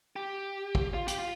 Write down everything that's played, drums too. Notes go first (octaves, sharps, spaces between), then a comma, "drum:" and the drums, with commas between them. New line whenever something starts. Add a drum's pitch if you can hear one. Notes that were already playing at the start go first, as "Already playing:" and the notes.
G4
drum: kick
F4
G4, drum: hi-hat
F4